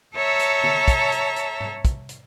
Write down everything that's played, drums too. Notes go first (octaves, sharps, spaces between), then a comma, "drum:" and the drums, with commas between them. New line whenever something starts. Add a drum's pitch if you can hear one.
A4 C#5 E5 A5 A#5
drum: hi-hat
drum: tom D3
drum: kick, hi-hat
drum: hi-hat
drum: hi-hat
drum: tom G#2
drum: kick, hi-hat
drum: hi-hat